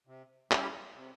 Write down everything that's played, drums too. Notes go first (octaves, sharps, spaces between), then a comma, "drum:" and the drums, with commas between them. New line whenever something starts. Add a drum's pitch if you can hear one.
C3
G3 C#4 E4 G4, drum: clap
C3